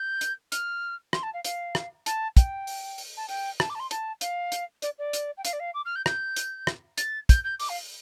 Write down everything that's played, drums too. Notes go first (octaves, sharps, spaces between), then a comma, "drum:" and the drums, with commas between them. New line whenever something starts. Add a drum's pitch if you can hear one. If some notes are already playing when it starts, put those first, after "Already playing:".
Already playing: G6
drum: hi-hat
F6, drum: hi-hat
C6, drum: rim click
A5
F5
F5, drum: hi-hat
drum: rim click
A5, drum: hi-hat
G5, drum: kick, hi-hat
drum: open hi-hat
drum: open hi-hat
A5
G5, drum: open hi-hat
A5, drum: rim click
D6
A5
C6
A5, drum: hi-hat
F5, drum: hi-hat
drum: hi-hat
D5, drum: hi-hat
D5
drum: hi-hat
G5
F5, drum: hi-hat
D5
F5
D6
F6
G6
G6, drum: rim click
drum: hi-hat
drum: rim click
A6, drum: hi-hat
G6, drum: kick, hi-hat
G6
D6, drum: open hi-hat
F5